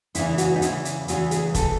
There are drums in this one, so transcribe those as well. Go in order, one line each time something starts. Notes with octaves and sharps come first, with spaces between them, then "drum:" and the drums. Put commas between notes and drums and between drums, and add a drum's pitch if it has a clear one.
E2 C#3 E3 E4, drum: hi-hat
E4
F#4, drum: hi-hat
D#4
E2 C#3 E3 E4, drum: hi-hat
drum: hi-hat
E2 C#3 E3 F#4, drum: hi-hat
G#4, drum: hi-hat
E3 A4, drum: kick, hi-hat